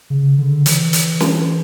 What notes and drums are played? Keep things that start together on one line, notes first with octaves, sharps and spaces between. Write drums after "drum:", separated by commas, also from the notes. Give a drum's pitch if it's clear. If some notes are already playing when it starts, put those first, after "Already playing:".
C#3
D3
E3, drum: hi-hat
drum: hi-hat
drum: snare